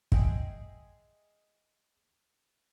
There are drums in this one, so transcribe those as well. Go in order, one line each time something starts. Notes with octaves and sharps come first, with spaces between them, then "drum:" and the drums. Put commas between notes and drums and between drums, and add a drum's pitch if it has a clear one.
G#3 D#4 G#4 D#5 E5 G5, drum: kick